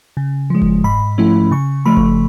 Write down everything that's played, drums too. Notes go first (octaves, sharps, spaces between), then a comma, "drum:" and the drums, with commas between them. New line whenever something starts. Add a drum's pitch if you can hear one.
C#3
F3 G#3
drum: kick F#1
G#2 B5
F3 A3 C#4 E4
C#3 C#6
F3 A3 B5
drum: kick F#1